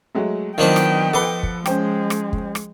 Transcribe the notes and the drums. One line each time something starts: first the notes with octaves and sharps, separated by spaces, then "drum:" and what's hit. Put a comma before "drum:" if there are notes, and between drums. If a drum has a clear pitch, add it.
F#3 G#3 A3
D#3 F#3 B3 D4 F4 C5 D#5 G5
drum: rim click
F3 A4 B4 F#5 C6 D6
drum: kick
G#3 C#4 C5 G5, drum: rim click
drum: rim click
drum: kick
drum: rim click